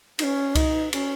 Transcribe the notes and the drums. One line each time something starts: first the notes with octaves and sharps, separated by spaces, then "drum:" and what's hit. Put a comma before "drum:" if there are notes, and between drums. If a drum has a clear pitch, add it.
D#4, drum: cymbal
C#4
D#4, drum: kick C2, cymbal
C#4, drum: cymbal